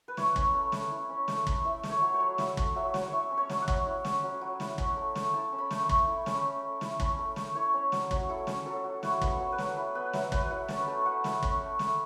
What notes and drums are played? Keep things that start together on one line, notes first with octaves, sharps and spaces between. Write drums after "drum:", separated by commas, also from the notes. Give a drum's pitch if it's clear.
B4
E4 C#5, drum: snare
C#4, drum: kick
A3
A3, drum: snare
E4
C#4
A3, drum: snare
A3, drum: kick
E4 E5
A3, drum: snare
C#5
F#3
C#5
F#3
E4 E5, drum: snare
A3, drum: kick
F#3 E5
F#3, drum: snare
E4 C#5 E5
C#4
C#5
F#3, drum: snare
F#5
F#3, drum: kick
E4
C#4, drum: snare
F#3
F#3
E4, drum: snare
C#4, drum: kick
A3
A3, drum: snare
E4 A5
C#4
B5
A3, drum: snare
C#6
A3, drum: kick
E4
C#4, drum: snare
A3
A3
E4, drum: snare
C#4, drum: kick
A3
A3, drum: snare
E4 C#5
C#4
F#3, drum: snare
F#3, drum: kick
E4 A4
C#4, drum: snare
F#3 A4
F#3
E4 F#4, drum: snare
B3, drum: kick
A4
F#3
B4
F#3, drum: snare
E4 B4
B3 B4
F#3 E5, drum: snare
F#3 B4, drum: kick
E4 F#5
C#4 A5, drum: snare
B5
A3 A5
A3 F#5
E4 E5, drum: snare
C#4, drum: kick
A3
A3, drum: snare